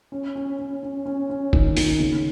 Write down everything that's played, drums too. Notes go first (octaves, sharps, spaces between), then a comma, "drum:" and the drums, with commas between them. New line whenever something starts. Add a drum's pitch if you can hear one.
C#4
C#4
C#4
C#4
C#4
C#4
D#3, drum: kick F#1
D#3, drum: open hi-hat
C#3